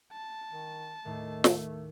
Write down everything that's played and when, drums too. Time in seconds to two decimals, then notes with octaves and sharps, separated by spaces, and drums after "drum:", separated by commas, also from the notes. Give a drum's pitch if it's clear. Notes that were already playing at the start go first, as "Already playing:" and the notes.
0.13 A5
0.51 D#3
1.05 D#2 A2 D#3 A3
1.44 drum: snare